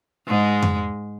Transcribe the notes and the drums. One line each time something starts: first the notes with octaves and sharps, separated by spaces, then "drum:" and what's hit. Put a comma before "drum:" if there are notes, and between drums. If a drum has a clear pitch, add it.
G#2 G#3
drum: tom F2